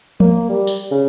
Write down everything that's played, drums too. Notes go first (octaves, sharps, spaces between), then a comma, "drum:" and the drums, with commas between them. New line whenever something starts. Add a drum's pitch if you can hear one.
A#3, drum: tom F3
G3
drum: tambourine
C#3